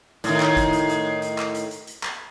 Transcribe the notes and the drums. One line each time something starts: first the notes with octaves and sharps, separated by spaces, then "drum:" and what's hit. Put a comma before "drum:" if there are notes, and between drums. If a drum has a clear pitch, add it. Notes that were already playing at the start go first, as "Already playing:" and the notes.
A2 D#3, drum: hi-hat
drum: clap
drum: kick, hi-hat
drum: hi-hat
drum: hi-hat
drum: hi-hat
drum: clap
drum: hi-hat
drum: hi-hat
drum: hi-hat
drum: clap